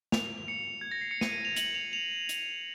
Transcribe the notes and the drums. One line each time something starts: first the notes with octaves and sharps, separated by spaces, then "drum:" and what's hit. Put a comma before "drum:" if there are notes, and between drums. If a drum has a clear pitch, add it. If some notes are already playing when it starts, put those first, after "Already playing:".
F7, drum: snare
C#7
G#6
A#6
C7
C#7
D#7, drum: snare
D#7
F7
F#7, drum: hi-hat
F7
F7
drum: hi-hat